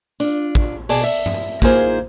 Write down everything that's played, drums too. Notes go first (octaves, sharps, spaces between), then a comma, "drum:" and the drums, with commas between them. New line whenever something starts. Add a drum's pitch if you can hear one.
D4 F4, drum: hi-hat
drum: kick
B2 G#4 D5 A5, drum: open hi-hat
E5
drum: tom G2
A#3 D#4 F4 G#4 A#4 C5, drum: kick, hi-hat